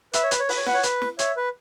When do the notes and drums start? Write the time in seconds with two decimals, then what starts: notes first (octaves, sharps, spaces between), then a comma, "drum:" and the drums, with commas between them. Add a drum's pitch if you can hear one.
0.13 B4 E5, drum: hi-hat
0.23 C#5
0.31 B4, drum: hi-hat
0.40 C#5
0.49 B4, drum: open hi-hat
0.57 C#5
0.66 B4 F#5, drum: snare
0.74 C#5
0.83 B4, drum: hi-hat
1.02 drum: snare
1.19 C#5 E5, drum: hi-hat
1.37 B4